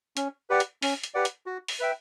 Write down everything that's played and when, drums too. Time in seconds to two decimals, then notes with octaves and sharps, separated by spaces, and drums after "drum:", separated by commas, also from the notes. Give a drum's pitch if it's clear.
0.17 C#4, drum: hi-hat
0.50 G4 B4 D5 F#5
0.60 drum: hi-hat
0.82 C#4, drum: open hi-hat
1.04 drum: hi-hat
1.14 G4 B4 D5 F#5
1.25 drum: hi-hat
1.46 F#4
1.68 drum: open hi-hat
1.79 B4 E5 G5